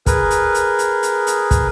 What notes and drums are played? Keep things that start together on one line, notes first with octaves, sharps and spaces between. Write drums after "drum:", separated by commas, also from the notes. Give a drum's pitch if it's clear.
G#4 A#4 B4, drum: kick, hi-hat
drum: hi-hat
drum: hi-hat
drum: hi-hat
drum: hi-hat
drum: hi-hat
drum: kick, hi-hat